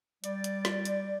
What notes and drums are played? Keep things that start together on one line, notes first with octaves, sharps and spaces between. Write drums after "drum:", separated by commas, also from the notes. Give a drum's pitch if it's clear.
G3 D5, drum: hi-hat
drum: hi-hat
drum: snare
drum: hi-hat